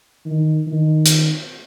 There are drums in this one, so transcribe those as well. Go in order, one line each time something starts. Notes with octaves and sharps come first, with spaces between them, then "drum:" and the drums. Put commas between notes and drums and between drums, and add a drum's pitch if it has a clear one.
D#3
D#3
drum: hi-hat